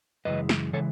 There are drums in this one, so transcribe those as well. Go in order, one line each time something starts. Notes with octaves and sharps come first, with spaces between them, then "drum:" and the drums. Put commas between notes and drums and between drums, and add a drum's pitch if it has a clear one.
F#2 C#3 E3 G#3 B4 D#5
drum: snare
C#3 E3 G#3 A4 C#5